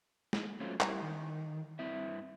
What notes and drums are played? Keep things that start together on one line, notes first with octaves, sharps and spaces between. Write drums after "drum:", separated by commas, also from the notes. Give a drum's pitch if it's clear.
drum: snare
F#3 A3 C4 C#4 F4
G3 E4, drum: clap
D#3
G2 C4 E4 E5